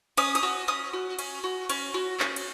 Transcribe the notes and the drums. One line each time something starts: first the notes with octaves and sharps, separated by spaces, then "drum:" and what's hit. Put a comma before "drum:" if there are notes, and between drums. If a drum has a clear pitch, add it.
C#4 D#6, drum: cymbal
D#6, drum: cymbal
F#4
C#4 D#6
F#4
C#4, drum: cymbal
F#4
C#4, drum: cymbal
F#4
C#4, drum: clap
drum: cymbal